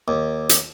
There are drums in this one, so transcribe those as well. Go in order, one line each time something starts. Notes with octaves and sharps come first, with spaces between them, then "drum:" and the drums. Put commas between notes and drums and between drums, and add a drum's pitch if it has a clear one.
D#2
drum: hi-hat